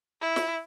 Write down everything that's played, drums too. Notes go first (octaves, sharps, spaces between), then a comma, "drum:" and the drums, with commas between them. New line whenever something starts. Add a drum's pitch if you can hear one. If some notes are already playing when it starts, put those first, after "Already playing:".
E4
drum: snare